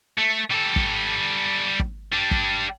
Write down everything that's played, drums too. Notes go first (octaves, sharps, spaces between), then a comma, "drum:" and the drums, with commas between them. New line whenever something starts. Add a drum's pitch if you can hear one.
A3
G3 A4
drum: kick
drum: kick
G3 D4
drum: kick